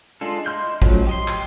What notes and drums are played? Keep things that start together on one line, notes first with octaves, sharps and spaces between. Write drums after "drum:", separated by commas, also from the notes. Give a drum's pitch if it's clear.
G#3 D4 F4 A4
E4 D#5 C6 F6 G6
F3 F#3 A3 C#4, drum: kick
G4 D#5 C6
drum: clap